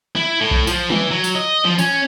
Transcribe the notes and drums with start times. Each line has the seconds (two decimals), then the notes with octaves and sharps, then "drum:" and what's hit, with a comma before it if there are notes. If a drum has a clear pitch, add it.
0.16 E4
0.41 A2
0.51 drum: kick B1
0.67 F3, drum: tambourine
0.90 E3, drum: tom F#3
1.11 F#3
1.24 drum: tambourine
1.35 D#5
1.65 F3
1.79 C#4, drum: tambourine